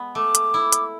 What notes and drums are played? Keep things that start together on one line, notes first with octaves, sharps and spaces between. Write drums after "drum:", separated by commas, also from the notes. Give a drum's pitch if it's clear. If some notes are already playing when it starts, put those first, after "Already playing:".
Already playing: G#3 B3
A3 D6
drum: hi-hat
E4
drum: hi-hat